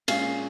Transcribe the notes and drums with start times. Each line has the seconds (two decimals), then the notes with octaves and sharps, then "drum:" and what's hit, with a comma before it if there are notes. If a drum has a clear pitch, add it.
0.08 A#2 G#3 C#4 F4 G#4 F5, drum: cymbal